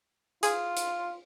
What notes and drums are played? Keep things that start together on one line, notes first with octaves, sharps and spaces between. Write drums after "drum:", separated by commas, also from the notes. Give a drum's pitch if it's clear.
F4 G#4, drum: hi-hat
drum: hi-hat